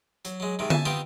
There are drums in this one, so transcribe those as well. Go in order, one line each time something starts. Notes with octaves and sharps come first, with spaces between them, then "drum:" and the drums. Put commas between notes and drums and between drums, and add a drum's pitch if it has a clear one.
F#3, drum: hi-hat
F#3 G#3
G#2 C3 D#3
E5 G#5 A5, drum: tom D3
B3 C4 D#4 F4 G4